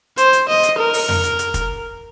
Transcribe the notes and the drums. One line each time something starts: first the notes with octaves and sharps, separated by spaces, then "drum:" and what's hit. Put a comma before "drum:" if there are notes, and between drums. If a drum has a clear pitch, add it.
C5, drum: hi-hat
drum: hi-hat
D#5
drum: hi-hat
A#4
drum: open hi-hat
drum: tom F2
drum: hi-hat
drum: hi-hat
drum: kick, hi-hat